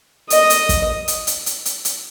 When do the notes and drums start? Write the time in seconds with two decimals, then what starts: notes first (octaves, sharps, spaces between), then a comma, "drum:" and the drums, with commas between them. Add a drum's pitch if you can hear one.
0.30 D#5, drum: hi-hat
0.50 drum: hi-hat
0.69 drum: kick, hi-hat
1.08 drum: hi-hat
1.27 drum: hi-hat
1.46 drum: hi-hat
1.65 drum: hi-hat
1.85 drum: hi-hat